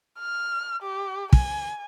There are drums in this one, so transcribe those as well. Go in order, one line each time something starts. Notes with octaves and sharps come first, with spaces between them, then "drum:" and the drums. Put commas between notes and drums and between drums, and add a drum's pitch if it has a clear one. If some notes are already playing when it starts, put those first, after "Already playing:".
F6
G4
G#5, drum: kick